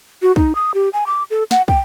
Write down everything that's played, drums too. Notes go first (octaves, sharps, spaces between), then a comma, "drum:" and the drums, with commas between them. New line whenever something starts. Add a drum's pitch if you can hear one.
F#4
D#4, drum: kick
D#6
G4
G#5
D6
A4
F#5, drum: snare
G5, drum: kick